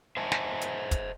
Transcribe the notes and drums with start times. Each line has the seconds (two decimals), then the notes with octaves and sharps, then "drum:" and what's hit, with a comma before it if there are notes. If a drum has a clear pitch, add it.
0.17 C5 D#5 E5 G#5 A5
0.32 drum: snare
0.61 drum: hi-hat
0.91 drum: kick, hi-hat